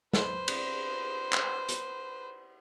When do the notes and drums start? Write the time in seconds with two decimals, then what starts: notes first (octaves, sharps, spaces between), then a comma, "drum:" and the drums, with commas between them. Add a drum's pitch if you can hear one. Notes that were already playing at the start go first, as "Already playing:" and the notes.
0.13 B4 C5, drum: snare
0.48 drum: cymbal
1.33 drum: clap
1.69 drum: hi-hat